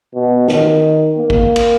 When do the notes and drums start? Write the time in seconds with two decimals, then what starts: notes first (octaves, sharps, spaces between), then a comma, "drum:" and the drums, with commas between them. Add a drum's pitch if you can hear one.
0.14 B2
0.48 D#3, drum: snare
1.18 A#3
1.30 drum: kick
1.56 drum: cymbal